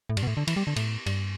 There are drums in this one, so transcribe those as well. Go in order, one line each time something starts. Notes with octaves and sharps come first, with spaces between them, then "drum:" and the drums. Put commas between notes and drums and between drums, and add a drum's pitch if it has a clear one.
A2
G2, drum: cymbal
B2
A2
D3
E3, drum: cymbal
G3
D3
A2, drum: cymbal
G2, drum: cymbal